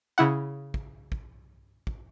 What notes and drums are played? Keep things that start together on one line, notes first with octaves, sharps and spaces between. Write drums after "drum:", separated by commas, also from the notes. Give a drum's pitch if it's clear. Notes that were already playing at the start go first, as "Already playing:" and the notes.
C#3 E4 F#5
drum: kick
drum: kick
drum: kick